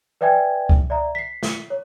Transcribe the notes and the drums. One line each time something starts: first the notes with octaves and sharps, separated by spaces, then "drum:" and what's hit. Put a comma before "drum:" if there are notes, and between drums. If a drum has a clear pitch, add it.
B4 D5 E5 G5 G#5 G#6
drum: kick C#2
D5 E5 A#5
B6 C7
drum: snare
C#5